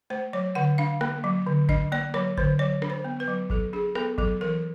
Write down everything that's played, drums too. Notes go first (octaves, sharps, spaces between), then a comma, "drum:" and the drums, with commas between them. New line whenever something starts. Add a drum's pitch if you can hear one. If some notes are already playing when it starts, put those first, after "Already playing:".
A3 C5
F#3 C#5
D3 F#5
D4 F5
A#3, drum: rim click
F#3
D3
D4 D#5, drum: kick G1
A#3 D5
F#3 C#5, drum: rim click
D3 C5, drum: kick G1
F#3 C#5
D4, drum: rim click
C5
B3
B4
F#3
F#3 A4, drum: kick G1
D4 G#4
B3 A4, drum: rim click
F#3 A4, drum: kick G1
E3 A#4